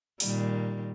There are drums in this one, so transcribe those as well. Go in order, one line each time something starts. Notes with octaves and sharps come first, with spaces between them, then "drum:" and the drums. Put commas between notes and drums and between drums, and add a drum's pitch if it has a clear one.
A#2 D#3 G3, drum: open hi-hat